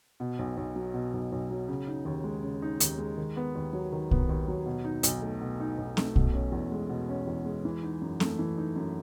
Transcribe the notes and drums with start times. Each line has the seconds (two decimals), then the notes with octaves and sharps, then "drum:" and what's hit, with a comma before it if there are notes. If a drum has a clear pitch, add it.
0.20 B2
0.39 B1
0.57 B1
0.76 F#3
0.94 B2
1.13 B1
1.32 B1
1.51 F#3
1.68 C#3
1.87 D#4
2.05 D#2
2.24 G#3
2.43 C#3
2.62 D#4
2.80 D#2, drum: hi-hat
2.98 G#3
3.17 D#3
3.37 B3
3.55 D#2
3.73 F#3
3.92 D#3
4.11 B3, drum: kick
4.29 D#2
4.48 F#3
4.66 B2
4.84 D#4
5.03 B1, drum: hi-hat
5.22 A3
5.41 B2
5.60 D#4
5.78 B1
5.97 A3, drum: snare C4
6.16 B2, drum: kick
6.34 C#4
6.52 E2
6.72 G#3
6.89 B2
7.09 C#4
7.27 E2
7.46 G#3
7.65 E3
7.83 D#4
8.02 F#2
8.20 A3, drum: snare C4
8.39 E3
8.58 D#4
8.76 F#2